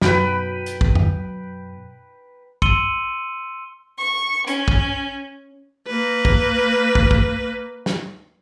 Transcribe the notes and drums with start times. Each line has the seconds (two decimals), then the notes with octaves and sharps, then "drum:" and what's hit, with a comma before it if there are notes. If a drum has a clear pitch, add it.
0.01 F#2 B2 F#3 B4 G5 B5, drum: snare
0.66 drum: hi-hat
0.81 drum: kick
0.95 drum: tom F2
2.62 C6 E6 C#7 D#7 F#7 G7, drum: kick
3.99 C#6
4.47 C#4, drum: hi-hat
4.68 drum: kick
5.87 A#3 B4
6.25 drum: kick
6.95 drum: kick
7.11 drum: kick
7.86 drum: snare